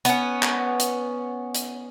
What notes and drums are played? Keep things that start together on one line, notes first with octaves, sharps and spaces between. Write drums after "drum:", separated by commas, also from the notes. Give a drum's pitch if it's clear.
B3 C#4, drum: hi-hat
drum: clap
drum: hi-hat
drum: hi-hat